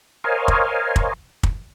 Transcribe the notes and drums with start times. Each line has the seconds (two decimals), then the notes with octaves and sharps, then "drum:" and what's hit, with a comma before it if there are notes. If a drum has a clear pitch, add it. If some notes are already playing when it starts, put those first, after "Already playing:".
0.24 A#4 C5 C#5 D#5 F5 G#5
0.48 drum: kick
0.96 drum: kick
1.43 drum: kick